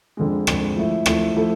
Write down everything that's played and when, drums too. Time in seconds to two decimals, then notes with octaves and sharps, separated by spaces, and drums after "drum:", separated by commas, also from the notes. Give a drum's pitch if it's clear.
0.17 F2 D3 G#3
0.47 F2 D3 G#3, drum: rim click
0.76 F3 A3 E4
1.06 F3 A3 E4, drum: rim click
1.35 F3 A3 E4 A4